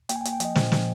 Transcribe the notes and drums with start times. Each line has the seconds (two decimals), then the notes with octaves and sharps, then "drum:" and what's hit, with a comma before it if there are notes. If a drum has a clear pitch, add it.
0.09 A#3 G5, drum: hi-hat
0.16 G#5
0.21 G5
0.25 A#3, drum: hi-hat
0.33 G5
0.40 F3 D#5, drum: hi-hat
0.55 A#2 C5, drum: snare
0.72 F3, drum: snare